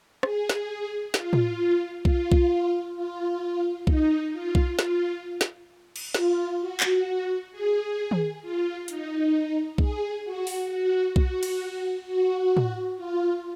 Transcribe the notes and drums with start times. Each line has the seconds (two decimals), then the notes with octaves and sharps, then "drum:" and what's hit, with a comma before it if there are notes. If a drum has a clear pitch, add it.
0.23 G#4, drum: rim click
0.49 drum: snare
1.14 F4, drum: snare
1.33 drum: tom A2
2.05 F4, drum: kick B1
2.32 drum: kick B1
2.96 F4
3.87 D#4, drum: kick B1
4.33 F4
4.55 drum: kick B1
4.79 F4, drum: snare
5.41 drum: snare
5.96 drum: cymbal
6.14 F4, drum: snare
6.61 F#4
6.80 drum: clap
7.52 G#4
8.11 drum: tom D#3
8.42 F4
8.88 D#4, drum: hi-hat
9.78 G#4, drum: kick B1
10.25 F#4
10.47 drum: open hi-hat
10.70 F#4
11.16 F#4, drum: kick B1
11.43 drum: cymbal
12.06 F#4
12.57 drum: tom A2
12.97 F4